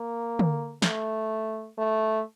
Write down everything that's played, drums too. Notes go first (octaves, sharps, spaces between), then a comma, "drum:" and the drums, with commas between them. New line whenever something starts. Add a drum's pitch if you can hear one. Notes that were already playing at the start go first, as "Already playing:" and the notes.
Already playing: A#3
drum: tom D3
A3, drum: snare
A3